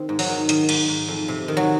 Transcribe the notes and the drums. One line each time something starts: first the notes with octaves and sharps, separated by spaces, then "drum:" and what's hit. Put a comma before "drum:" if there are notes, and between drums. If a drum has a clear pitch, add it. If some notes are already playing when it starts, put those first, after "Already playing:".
Already playing: D#3 C4
G#2
F#3, drum: open hi-hat
D#3
D#3, drum: hi-hat
G#2, drum: cymbal
G#2
F2
C3
D#3
F#3